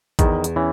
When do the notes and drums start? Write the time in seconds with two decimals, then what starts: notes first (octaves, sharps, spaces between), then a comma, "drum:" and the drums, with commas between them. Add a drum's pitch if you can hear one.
0.19 E2 D#3, drum: kick A1, hi-hat
0.44 drum: hi-hat
0.56 E3 C#4